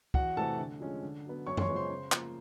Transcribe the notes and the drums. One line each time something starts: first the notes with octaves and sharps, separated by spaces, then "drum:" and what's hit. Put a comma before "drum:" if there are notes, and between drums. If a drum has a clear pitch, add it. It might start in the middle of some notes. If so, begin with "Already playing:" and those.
E2 F#4 F#5, drum: kick
C3 E3 A3 C4 A4 A5
D3
F3 G#3 C#4
D3
F#3 B3
F#2 C#5 C#6
C6, drum: tom F#2
C#5 C#6
C#3 F3 G#3 B3
C5 C6
C#3
F3 A#3, drum: clap